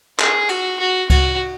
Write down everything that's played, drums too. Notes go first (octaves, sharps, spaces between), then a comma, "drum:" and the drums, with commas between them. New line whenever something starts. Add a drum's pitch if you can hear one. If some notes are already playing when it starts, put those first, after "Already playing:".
G#4, drum: clap
F#4, drum: cymbal
F#4
F#4, drum: kick C#2, cymbal